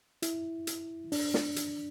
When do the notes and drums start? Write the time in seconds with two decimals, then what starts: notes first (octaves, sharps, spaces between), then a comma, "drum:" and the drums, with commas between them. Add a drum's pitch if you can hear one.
0.22 E4, drum: hi-hat
0.67 drum: hi-hat
1.12 D4, drum: open hi-hat
1.34 drum: snare
1.56 drum: hi-hat